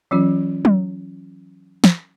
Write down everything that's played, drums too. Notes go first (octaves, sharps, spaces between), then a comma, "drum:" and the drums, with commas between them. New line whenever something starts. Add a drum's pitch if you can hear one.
E3 F#3 C#4 F4
drum: tom F#3
drum: snare